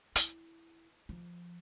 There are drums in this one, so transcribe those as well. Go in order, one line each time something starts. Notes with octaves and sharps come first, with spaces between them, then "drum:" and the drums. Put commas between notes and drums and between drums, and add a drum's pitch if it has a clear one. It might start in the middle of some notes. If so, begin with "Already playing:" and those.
E4, drum: hi-hat
F3